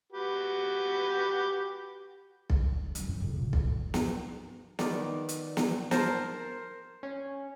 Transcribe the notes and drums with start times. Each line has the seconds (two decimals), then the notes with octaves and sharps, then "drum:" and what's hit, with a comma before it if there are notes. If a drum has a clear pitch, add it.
0.12 F#4 G4 B4
2.50 drum: kick B1
2.95 F#3 D4, drum: hi-hat
3.07 F#2 A2
3.20 F2 C#3
3.36 A#2 C#3
3.53 D2 G2, drum: kick B1
3.94 drum: snare
4.79 D#3 B3 D5, drum: snare
5.29 drum: hi-hat
5.57 drum: snare
5.91 A#4 C5 A5, drum: snare
7.03 C#4